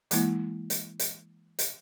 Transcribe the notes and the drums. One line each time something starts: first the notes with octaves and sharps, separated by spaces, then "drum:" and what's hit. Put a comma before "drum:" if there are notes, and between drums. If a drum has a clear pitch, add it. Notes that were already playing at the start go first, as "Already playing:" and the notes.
E3 G#3 A#3 E4, drum: hi-hat
drum: hi-hat
drum: hi-hat
drum: hi-hat